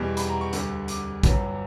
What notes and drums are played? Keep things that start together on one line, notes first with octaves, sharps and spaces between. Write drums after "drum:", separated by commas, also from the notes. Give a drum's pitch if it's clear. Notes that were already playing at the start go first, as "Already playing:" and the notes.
Already playing: E2 B2 G3
B5, drum: hi-hat
A#5
C#6
D2 D3 G3, drum: hi-hat
D6, drum: hi-hat
G1 G2 F#3, drum: kick A#1, hi-hat